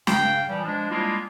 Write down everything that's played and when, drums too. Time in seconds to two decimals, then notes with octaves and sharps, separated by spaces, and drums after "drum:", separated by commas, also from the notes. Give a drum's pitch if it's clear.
0.07 G2 C#3 F5 G5, drum: snare
0.48 A#2 E3 F3 G3
0.64 F3 G#3 D4
0.89 G3 G#3 A#3 D4 E4 F4